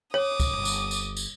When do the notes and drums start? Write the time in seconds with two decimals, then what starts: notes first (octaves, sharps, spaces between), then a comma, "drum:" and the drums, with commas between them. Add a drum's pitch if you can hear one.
0.14 C#5 D6 D#6
0.40 drum: kick, tambourine
0.53 G1
0.65 drum: tambourine
0.91 drum: tambourine
1.17 drum: tambourine